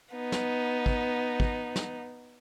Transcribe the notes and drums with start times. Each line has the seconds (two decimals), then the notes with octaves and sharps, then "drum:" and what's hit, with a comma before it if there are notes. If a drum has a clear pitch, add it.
0.14 B3 D#4
0.32 drum: snare
0.86 drum: kick
1.40 drum: kick
1.76 drum: snare